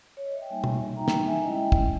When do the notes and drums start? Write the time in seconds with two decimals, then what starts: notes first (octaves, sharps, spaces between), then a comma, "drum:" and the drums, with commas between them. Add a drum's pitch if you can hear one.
0.17 C#5
0.25 D#5
0.33 E5
0.42 G5
0.50 G3 A#3 D#4 E5 G#5
0.64 drum: tom
0.96 G3 A#3 D#4 G5 A#5
1.08 drum: snare
1.27 E5 G#5
1.43 G#3 C#4 E4 D#5 G5
1.72 drum: kick